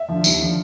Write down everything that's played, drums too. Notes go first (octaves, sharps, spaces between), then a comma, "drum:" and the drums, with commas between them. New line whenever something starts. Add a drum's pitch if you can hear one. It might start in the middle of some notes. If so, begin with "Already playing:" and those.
Already playing: E5
D3 F3
D#2, drum: tambourine
D3 F3